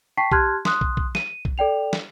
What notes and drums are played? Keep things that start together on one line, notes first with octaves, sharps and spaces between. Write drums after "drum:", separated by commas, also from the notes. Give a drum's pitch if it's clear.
G5 A5 C#6 B6 C7
G4 A5 C6 F6 F#6 G#6, drum: kick
C6 D#6 F#6, drum: snare
drum: kick
drum: kick
D#7, drum: snare
drum: kick
A4 D5 G5 F7
drum: snare